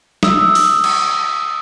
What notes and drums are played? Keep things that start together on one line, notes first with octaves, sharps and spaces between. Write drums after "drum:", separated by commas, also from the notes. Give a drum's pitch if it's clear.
D#6 E6, drum: snare
drum: open hi-hat
drum: cymbal